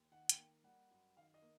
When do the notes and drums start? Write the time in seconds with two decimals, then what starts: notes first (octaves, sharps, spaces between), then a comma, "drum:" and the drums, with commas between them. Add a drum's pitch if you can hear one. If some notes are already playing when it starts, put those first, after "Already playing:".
Already playing: D#2
0.12 D#3 F#5
0.29 G5, drum: hi-hat
0.37 A#3
0.64 G3 F#5
0.91 F#2
1.17 D#3 F5
1.34 D#5
1.42 A#3